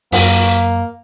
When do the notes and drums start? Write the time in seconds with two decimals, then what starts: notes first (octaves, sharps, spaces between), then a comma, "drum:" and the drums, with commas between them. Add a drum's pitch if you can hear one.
0.12 F#2 A#3, drum: open hi-hat